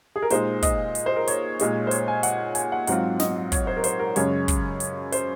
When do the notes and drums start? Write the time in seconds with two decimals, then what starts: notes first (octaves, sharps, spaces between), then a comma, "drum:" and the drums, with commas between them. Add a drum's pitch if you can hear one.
0.16 G#4
0.22 A#4
0.30 A#2 G#3 D#4 C5, drum: hi-hat
0.62 D#5, drum: kick, hi-hat
0.95 drum: hi-hat
1.06 C5
1.16 A#4
1.27 C#5, drum: hi-hat
1.59 A#2 G#3 D#4, drum: hi-hat
1.87 C5
1.91 C#5, drum: hi-hat
2.08 G#5
2.23 F#5, drum: hi-hat
2.55 G#5, drum: hi-hat
2.72 F#5
2.87 G#2 F#3 C4 F4 F#5, drum: hi-hat
3.20 D#5, drum: snare
3.52 C#5, drum: kick, hi-hat
3.67 C5
3.77 A#4
3.84 C5, drum: hi-hat
4.00 A#4
4.16 F#2 C#3 G#3 C#4 C#5, drum: hi-hat
4.48 drum: kick, hi-hat
4.80 drum: hi-hat
5.12 C5, drum: hi-hat